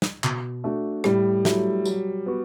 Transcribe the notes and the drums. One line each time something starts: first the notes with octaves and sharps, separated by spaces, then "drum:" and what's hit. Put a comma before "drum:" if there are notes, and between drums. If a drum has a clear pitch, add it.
drum: snare
B2, drum: clap
A3 D4 F#4
A2 G3, drum: rim click
F#3 A3 E4, drum: snare
F#3, drum: tambourine
B3 F#4